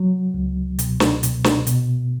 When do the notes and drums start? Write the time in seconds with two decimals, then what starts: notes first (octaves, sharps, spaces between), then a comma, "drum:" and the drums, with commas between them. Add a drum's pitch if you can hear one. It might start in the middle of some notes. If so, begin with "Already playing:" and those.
Already playing: F#3
0.34 C#2
0.79 B2, drum: hi-hat
1.00 drum: snare
1.23 B2, drum: hi-hat
1.44 drum: snare
1.67 B2, drum: hi-hat